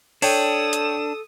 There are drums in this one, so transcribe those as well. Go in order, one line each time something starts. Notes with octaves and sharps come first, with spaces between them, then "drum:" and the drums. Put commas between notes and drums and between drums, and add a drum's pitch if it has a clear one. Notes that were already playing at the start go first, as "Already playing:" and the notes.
D4 A4 C#5 G5 D#6 E7, drum: open hi-hat
drum: hi-hat